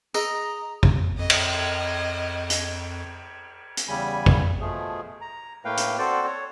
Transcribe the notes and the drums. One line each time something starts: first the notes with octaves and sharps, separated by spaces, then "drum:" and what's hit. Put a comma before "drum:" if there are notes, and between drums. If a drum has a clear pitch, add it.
G#4 D#5 A#5, drum: tambourine
drum: kick
F2 D#5
drum: cymbal
drum: hi-hat
drum: hi-hat
E2 C#3 G3 G#5 B5
drum: kick
B2 F3 A3 G#4
A#5
A2 A3 A#3 B4 F5 G5
drum: hi-hat
C4 F#4 A4 C5 D5
C#5